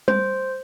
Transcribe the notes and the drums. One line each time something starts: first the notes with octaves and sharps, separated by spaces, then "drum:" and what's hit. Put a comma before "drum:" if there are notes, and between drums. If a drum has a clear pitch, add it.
C5, drum: tom G3